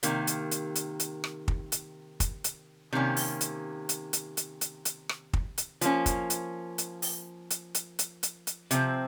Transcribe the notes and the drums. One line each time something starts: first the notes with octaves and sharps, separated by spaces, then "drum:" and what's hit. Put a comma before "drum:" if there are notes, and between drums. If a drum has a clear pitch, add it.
C3 D#3 A#3, drum: hi-hat
drum: hi-hat
drum: hi-hat
drum: hi-hat
drum: hi-hat
drum: rim click
drum: kick
drum: hi-hat
drum: kick, hi-hat
drum: hi-hat
C3 D#3 A#3 C#4
drum: open hi-hat
drum: hi-hat
drum: hi-hat
drum: hi-hat
drum: hi-hat
drum: hi-hat
drum: hi-hat
drum: rim click
drum: kick
drum: hi-hat
F3 A#3 C#4, drum: hi-hat
drum: kick, hi-hat
drum: hi-hat
drum: hi-hat
drum: open hi-hat
drum: hi-hat
drum: hi-hat
drum: hi-hat
drum: hi-hat
drum: hi-hat
C3 F3 C4, drum: hi-hat